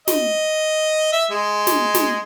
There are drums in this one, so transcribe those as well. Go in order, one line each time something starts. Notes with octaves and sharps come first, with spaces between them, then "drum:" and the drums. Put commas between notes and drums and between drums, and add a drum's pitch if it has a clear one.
D#5, drum: snare
E5
G#3
drum: snare
drum: snare